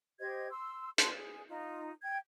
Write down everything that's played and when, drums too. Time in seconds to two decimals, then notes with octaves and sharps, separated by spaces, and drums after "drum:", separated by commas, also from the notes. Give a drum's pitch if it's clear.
0.19 G4 C5 D#5 G#6
0.50 C6 E6
0.98 G#4 A5 C6 F#6, drum: hi-hat
1.15 G#4
1.48 D#4 F4
2.02 G5 G#6